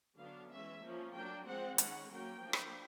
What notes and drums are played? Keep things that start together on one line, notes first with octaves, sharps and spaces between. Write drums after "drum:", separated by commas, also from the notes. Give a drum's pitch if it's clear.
D3 F#3 B3 D4 F5
E3 G#3 C#4 E5
F3 A#3 C#4
F#3 A#3 D4 G5
F3 G#3 C4 F#5
D#3 G#3 C#4 F#5, drum: hi-hat
F#3 A#3 C#4 G5
F3 A#3 D4
drum: rim click